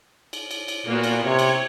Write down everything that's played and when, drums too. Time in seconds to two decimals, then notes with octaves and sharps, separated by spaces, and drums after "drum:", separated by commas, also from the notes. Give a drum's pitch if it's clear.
0.33 drum: cymbal
0.51 drum: cymbal
0.68 drum: cymbal
0.86 A#2 A#3 B3 F#4
1.03 drum: cymbal
1.25 C3 C#5
1.39 drum: cymbal